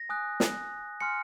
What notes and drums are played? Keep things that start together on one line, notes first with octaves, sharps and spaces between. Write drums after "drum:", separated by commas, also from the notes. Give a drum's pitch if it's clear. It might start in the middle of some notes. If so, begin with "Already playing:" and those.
Already playing: A#6
G#5 D#6 F#6
drum: snare
G#5 C6 F6 C#7